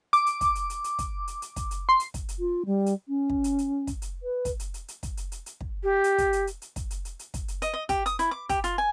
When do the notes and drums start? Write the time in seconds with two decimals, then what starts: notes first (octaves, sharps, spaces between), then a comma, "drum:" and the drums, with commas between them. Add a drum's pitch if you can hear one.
0.13 D6, drum: hi-hat
0.26 drum: hi-hat
0.41 drum: kick, hi-hat
0.55 drum: hi-hat
0.70 drum: hi-hat
0.84 drum: hi-hat
0.99 drum: kick, hi-hat
1.27 drum: hi-hat
1.42 drum: hi-hat
1.56 drum: kick, hi-hat
1.71 drum: hi-hat
1.89 C6
2.00 drum: hi-hat
2.14 drum: kick, hi-hat
2.29 drum: hi-hat
2.39 F4
2.66 G3
2.86 drum: hi-hat
3.08 C#4
3.30 drum: kick
3.44 drum: hi-hat
3.58 drum: hi-hat
3.87 drum: kick, hi-hat
4.02 drum: hi-hat
4.23 B4
4.45 drum: kick, hi-hat
4.60 drum: hi-hat
4.74 drum: hi-hat
4.88 drum: hi-hat
5.03 drum: kick, hi-hat
5.17 drum: hi-hat
5.32 drum: hi-hat
5.46 drum: hi-hat
5.61 drum: kick
5.83 G4
6.04 drum: hi-hat
6.18 drum: kick, hi-hat
6.33 drum: hi-hat
6.47 drum: hi-hat
6.62 drum: hi-hat
6.76 drum: kick, hi-hat
6.90 drum: hi-hat
7.05 drum: hi-hat
7.19 drum: hi-hat
7.34 drum: kick, hi-hat
7.48 drum: hi-hat
7.62 D#5, drum: hi-hat
7.74 D#5
7.89 G4, drum: kick, hi-hat
8.06 D#6, drum: hi-hat
8.19 E4, drum: hi-hat
8.31 D6
8.49 G4, drum: kick, hi-hat
8.64 F4, drum: hi-hat
8.78 G#5